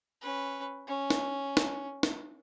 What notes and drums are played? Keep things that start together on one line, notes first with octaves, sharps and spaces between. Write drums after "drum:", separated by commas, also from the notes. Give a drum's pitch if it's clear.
C#4 B4
C#4
drum: snare
drum: snare
drum: snare